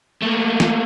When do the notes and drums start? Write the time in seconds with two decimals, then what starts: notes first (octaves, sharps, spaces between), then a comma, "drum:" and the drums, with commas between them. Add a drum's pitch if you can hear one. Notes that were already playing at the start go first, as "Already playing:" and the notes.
0.22 A3 A#3
0.60 drum: snare